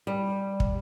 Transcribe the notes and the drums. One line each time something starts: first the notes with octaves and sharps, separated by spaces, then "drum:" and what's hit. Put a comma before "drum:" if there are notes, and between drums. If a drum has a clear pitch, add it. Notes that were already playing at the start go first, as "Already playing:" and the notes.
G3
drum: kick